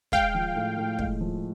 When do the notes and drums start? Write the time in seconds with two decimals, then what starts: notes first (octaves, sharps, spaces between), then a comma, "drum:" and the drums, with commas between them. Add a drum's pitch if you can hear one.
0.12 G#3 F5 G5, drum: kick
0.34 F3
0.55 A2
0.77 A2
0.99 G#3, drum: kick
1.20 F3